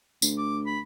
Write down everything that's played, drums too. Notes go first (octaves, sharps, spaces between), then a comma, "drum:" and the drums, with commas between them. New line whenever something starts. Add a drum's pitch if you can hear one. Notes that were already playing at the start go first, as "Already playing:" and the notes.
D2, drum: tambourine
D6
B5